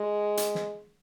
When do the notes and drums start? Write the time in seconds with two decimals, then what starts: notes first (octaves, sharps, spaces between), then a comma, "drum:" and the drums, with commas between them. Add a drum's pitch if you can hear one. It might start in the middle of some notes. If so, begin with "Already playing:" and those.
Already playing: G#3
0.37 drum: hi-hat
0.55 drum: snare